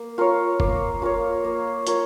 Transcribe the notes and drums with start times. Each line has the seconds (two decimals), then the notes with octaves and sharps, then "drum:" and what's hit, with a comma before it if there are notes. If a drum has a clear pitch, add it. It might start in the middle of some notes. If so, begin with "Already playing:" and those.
Already playing: A#3
0.18 F4 A#4 C#5
0.60 A#3, drum: kick
1.02 F4 A#4 C#5
1.44 A#3
1.87 F4 A#4 C#5, drum: hi-hat